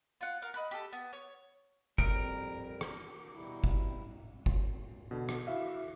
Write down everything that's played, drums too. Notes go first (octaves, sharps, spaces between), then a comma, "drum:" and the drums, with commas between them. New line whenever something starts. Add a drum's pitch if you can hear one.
F4 F#5
A#4 F5 F#5
D#5 B5 F#6
G4 A4
B3
C#5
F2 G3 A#4 D7, drum: kick
drum: rim click
B2 G3 E4
drum: kick
drum: kick
B2 D3
drum: rim click
E4 F#4 E5 F5